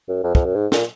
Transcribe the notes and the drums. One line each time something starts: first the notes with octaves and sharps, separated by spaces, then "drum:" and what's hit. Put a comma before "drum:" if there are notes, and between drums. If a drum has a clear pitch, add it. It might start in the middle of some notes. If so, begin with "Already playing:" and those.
F#2
F2
F2, drum: kick
F#2
G#2
A#2, drum: snare